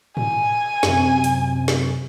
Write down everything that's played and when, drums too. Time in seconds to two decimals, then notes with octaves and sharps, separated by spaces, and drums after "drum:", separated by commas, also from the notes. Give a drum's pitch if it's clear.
0.17 G#5, drum: tom G#2
0.83 F#2 C3, drum: snare
1.24 drum: hi-hat
1.68 drum: snare